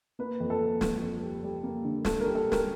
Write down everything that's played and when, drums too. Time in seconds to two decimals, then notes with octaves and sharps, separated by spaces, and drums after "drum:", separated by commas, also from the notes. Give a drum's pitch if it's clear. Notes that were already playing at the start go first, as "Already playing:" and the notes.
0.19 A#3 B4
0.40 F2
0.50 A4
0.60 A#3
0.81 F2, drum: snare
1.02 F2
1.22 G3
1.43 G3
1.63 A#3
1.85 D3
2.05 D3 A4, drum: snare
2.20 A#4
2.25 G3
2.35 A4
2.46 G3
2.52 A#4, drum: snare